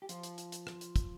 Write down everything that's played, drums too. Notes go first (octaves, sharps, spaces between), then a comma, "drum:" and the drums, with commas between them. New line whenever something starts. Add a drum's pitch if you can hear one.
G4
F3 F4, drum: hi-hat
drum: hi-hat
drum: hi-hat
drum: hi-hat
drum: rim click
drum: hi-hat
drum: kick, hi-hat